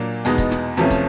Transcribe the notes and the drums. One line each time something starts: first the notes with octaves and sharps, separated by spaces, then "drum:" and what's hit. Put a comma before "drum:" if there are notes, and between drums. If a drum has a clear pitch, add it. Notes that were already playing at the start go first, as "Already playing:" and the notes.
Already playing: A#2 F#3 A#3 D4
E2 B2 G#3 B3 D#4, drum: hi-hat
drum: kick, hi-hat
drum: snare
E2 C3 F3 A3 C#4, drum: snare
drum: kick, hi-hat